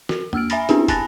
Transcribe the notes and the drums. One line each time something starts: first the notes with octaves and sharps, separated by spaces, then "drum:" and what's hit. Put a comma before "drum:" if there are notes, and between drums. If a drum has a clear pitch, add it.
F#4, drum: snare
A#3 E6 F6 D7, drum: tom
E5 G#5 A#5 B5 A6 A#6, drum: hi-hat
B3 C4 D4 E4 G4 G#4, drum: hi-hat
G#5 A5 B5 F#6 A6 A#6, drum: kick, hi-hat